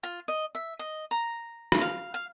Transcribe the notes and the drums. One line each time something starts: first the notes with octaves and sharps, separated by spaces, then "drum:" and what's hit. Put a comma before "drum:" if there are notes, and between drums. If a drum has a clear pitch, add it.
F4
D#5
E5
D#5
A#5
drum: rim click
F5
F5